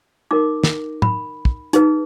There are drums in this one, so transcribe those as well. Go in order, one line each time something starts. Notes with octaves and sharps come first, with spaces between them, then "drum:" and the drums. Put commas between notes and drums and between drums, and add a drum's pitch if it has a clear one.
D#4 A#4 D6
drum: snare
B5, drum: tom A2
drum: kick
D#4 G#4 B4, drum: hi-hat